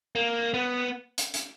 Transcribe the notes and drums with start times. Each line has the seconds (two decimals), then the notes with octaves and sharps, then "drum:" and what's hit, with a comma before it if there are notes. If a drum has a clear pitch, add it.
0.15 A#3
0.54 B3
1.18 drum: hi-hat
1.34 drum: hi-hat